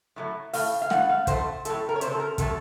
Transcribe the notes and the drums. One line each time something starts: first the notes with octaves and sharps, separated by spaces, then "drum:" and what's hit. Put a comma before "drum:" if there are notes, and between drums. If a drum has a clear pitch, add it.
A2 F#3 A3
A2 A3 F5, drum: open hi-hat
F5
A2 A3 F#5, drum: snare
F5
A2 F#3 A3 C5, drum: kick, hi-hat
A2 F#3 A3 A4, drum: hi-hat
A#4
C#5
C3 F#3 A3 C5, drum: hi-hat
A4
A#4
C3 F#3 A3 A4, drum: kick, hi-hat